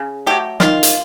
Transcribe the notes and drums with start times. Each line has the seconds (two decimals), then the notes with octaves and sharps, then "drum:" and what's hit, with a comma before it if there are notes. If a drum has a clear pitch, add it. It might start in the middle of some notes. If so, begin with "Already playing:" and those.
Already playing: C#3
0.26 F#3 A3 G4
0.60 D#3 F4, drum: snare
0.83 drum: hi-hat